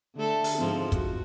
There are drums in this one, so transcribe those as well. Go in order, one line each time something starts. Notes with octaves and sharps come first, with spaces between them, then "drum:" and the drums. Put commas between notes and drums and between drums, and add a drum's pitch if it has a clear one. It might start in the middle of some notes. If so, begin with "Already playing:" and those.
D3 A3 A4
drum: open hi-hat
G#2 F3 C4
F#4, drum: kick, hi-hat